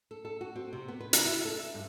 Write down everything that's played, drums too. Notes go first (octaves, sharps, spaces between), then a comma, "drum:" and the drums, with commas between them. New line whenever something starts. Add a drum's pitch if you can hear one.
A4
A4
F#4
C4
C3
B3
B4
C#3, drum: hi-hat
E4
A4
E5
G2